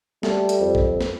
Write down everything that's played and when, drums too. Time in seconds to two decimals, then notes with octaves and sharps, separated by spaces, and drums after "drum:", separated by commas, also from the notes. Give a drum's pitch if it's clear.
0.23 G3 A3, drum: snare
0.49 drum: hi-hat
0.60 F2
0.75 drum: kick
1.01 drum: snare